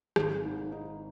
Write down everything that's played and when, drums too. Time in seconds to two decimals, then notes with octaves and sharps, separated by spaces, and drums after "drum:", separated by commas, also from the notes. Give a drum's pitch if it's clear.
0.16 G#1, drum: rim click
0.45 G#2
0.72 D#4